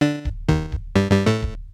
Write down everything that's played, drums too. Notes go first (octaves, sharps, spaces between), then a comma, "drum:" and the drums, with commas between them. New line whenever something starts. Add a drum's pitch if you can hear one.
D3 D4
drum: kick D1
D#2 D#3, drum: kick D1
drum: kick D1
G2 G3
G2 G3
A2 A3
drum: kick D1